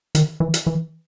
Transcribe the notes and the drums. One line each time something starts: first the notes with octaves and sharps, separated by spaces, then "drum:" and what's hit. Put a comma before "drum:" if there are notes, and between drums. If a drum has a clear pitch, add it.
D#3, drum: hi-hat
E3
drum: hi-hat
E3